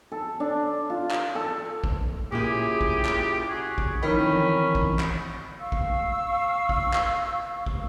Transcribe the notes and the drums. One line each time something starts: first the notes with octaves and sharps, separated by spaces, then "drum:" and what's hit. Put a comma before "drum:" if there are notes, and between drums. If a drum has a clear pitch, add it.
A4
D4
F4
drum: clap
A4
drum: kick
A#2 C#3 E4 G4 G#4
drum: kick
drum: clap
F#4 G#4
drum: kick
F2 D#3 E3 C#4 A#4 D#5 G5 B5
drum: kick
drum: clap
F5 C#6 E6
drum: kick
drum: kick
drum: clap
drum: kick